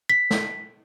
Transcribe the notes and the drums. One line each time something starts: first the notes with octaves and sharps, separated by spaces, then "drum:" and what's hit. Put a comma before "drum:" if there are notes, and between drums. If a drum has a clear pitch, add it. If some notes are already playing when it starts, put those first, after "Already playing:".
B6
drum: snare